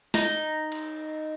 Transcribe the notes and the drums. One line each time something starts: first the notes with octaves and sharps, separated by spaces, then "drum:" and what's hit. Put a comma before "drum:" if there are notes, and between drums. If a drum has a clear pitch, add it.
D#4, drum: snare
drum: cymbal